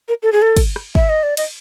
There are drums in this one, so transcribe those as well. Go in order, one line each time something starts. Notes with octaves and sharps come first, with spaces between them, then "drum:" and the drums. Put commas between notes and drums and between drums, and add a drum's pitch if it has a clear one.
A#4
A4
G#4
A4
drum: kick, cymbal
drum: rim click
E5, drum: kick
D#5
D5
D#5, drum: cymbal